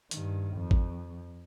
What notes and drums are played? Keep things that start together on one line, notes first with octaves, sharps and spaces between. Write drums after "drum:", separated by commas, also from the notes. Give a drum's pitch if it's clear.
G2 D#3, drum: hi-hat
F2
drum: kick G#1